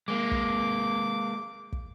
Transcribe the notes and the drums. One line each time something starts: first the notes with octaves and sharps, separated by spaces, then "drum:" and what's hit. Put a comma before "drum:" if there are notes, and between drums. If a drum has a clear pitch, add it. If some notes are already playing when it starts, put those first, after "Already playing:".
G#3 A#3 D6
drum: kick
drum: kick